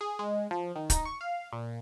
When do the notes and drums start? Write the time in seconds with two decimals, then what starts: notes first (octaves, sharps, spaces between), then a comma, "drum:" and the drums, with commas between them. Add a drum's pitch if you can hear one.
0.01 G#4
0.19 G#3
0.51 F3
0.76 D#3
0.90 D#4, drum: kick, hi-hat
1.05 C#6
1.21 F5
1.53 A#2